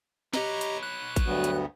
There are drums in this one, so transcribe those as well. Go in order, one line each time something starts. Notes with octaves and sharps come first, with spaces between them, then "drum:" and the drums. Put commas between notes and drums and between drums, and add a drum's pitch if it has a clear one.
G4 B4 C#5 D#5 A#5, drum: snare
drum: hi-hat
F#6
drum: kick A1, hi-hat
D2 G2 F#3 B3
drum: hi-hat